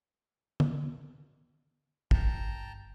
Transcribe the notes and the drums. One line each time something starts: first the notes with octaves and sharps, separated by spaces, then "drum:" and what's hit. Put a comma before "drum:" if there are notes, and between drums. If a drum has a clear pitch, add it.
drum: tom
G1 G5 A5 A#5, drum: kick